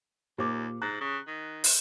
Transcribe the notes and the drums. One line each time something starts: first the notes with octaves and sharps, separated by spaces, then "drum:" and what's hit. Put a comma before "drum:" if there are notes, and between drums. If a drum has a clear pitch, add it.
D#2 A#2 G4 C5 D6
G#2 A#5 F#6
C#3
D#3
drum: open hi-hat